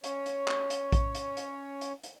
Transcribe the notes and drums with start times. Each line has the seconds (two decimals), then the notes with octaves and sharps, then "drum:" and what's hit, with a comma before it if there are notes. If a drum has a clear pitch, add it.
0.04 C#4 C#5, drum: hi-hat
0.26 drum: hi-hat
0.48 drum: clap
0.70 drum: hi-hat
0.92 drum: kick A#1, hi-hat
1.15 drum: hi-hat
1.37 drum: hi-hat
1.81 drum: hi-hat
2.03 drum: hi-hat